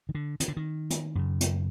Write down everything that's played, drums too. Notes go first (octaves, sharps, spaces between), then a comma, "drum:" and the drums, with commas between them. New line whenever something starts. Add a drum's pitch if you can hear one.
D#3
D3
D#3, drum: hi-hat
D3
D#3
drum: hi-hat
F#2 C#3
drum: hi-hat